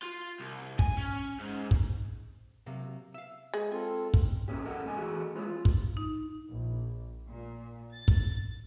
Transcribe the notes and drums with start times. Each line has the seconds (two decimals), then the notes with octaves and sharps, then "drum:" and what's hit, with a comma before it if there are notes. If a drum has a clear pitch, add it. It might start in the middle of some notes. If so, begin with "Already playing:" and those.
0.02 F4
0.40 C2
0.79 G#5, drum: kick
0.97 C#4
1.39 G#2
1.71 drum: kick
2.66 C3 F#3 A#3
3.14 E5 F5
3.54 G#3
3.72 C4 F4 A4 G#5
4.14 drum: kick
4.48 D3 B3 C#4 G4
4.65 A4 A#4 D#5 F#5
4.85 G#2 C3 G#5
4.97 E3 A3 F#4 G#4
5.35 G#3 F4 B4 C#5
5.47 F4
5.65 drum: kick
5.97 D#4
6.48 A#1
7.29 A#2
7.93 A6
8.08 drum: kick